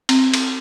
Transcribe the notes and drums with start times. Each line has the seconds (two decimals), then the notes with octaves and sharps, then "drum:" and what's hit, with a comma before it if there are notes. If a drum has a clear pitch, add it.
0.09 C4, drum: cymbal
0.34 drum: cymbal